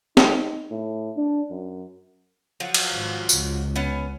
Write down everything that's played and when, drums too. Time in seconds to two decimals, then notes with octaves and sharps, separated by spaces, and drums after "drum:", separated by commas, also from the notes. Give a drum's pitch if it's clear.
0.17 D#4, drum: snare
0.70 A2
1.16 D4
1.51 F#2
2.60 F3 F#3 F#4
2.74 drum: cymbal
2.92 G#1
3.29 C#2, drum: tambourine
3.76 B3 C#4